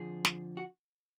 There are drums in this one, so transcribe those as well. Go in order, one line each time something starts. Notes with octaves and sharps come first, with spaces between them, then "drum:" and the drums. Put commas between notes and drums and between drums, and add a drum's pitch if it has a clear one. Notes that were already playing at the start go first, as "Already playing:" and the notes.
Already playing: F2 D3 F3 G#4
drum: snare
F#4